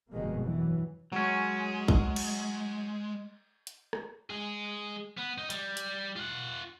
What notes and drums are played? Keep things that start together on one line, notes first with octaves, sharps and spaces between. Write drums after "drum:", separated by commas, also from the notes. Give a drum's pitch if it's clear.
F1 G2 B2 D#3 G#3 A#3
G2 E3 F#3
F#3 G#3 C#4
drum: kick
drum: cymbal
drum: hi-hat
drum: rim click
G#3 G#4
B3
D#4
G3, drum: hi-hat
drum: hi-hat
F4 F#5